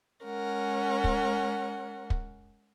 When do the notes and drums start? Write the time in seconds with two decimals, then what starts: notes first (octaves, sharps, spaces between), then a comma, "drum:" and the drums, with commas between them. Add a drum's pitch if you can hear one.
0.24 G#3 C#4 A#4 F#5
1.04 drum: kick
2.10 drum: kick